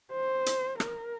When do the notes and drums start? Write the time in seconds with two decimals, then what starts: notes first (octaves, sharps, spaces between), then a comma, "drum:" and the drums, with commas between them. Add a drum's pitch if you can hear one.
0.12 C5
0.46 drum: hi-hat
0.80 A#4, drum: rim click